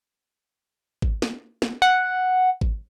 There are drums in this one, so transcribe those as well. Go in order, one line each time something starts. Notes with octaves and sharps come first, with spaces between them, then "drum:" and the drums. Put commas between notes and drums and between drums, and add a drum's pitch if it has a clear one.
drum: kick G#1
drum: snare
drum: snare
F#5
drum: kick G#1